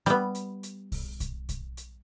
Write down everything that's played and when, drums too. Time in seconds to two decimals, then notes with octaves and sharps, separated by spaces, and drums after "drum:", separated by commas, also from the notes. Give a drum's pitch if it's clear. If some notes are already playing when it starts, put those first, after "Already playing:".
0.06 G3 B3, drum: hi-hat
0.35 drum: hi-hat
0.63 drum: hi-hat
0.92 drum: kick, open hi-hat
1.20 drum: kick, hi-hat
1.49 drum: kick, hi-hat
1.77 drum: hi-hat